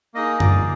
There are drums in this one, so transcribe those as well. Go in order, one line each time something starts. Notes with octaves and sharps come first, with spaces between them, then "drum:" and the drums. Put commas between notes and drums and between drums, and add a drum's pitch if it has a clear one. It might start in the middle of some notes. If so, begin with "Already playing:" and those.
A#3 D#4 G#4 D#5
D5, drum: tom F#2